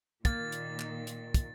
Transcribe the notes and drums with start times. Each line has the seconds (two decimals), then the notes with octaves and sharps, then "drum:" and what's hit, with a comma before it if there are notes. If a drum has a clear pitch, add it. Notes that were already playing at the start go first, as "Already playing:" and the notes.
0.25 A#2 D#3 A#3 A6, drum: kick, hi-hat
0.52 drum: hi-hat
0.80 drum: clap
1.07 drum: hi-hat
1.34 drum: kick, hi-hat